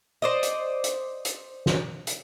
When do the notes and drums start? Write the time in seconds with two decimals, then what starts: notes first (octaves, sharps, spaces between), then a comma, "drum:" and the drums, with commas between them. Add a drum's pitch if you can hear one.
0.22 C5 D5 D#5
0.43 drum: hi-hat
0.84 drum: hi-hat
1.25 drum: hi-hat
1.66 drum: snare
2.07 drum: hi-hat